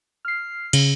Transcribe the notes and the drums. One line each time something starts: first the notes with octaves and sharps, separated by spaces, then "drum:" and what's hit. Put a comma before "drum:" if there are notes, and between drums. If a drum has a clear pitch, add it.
F6 C7
C#3, drum: cymbal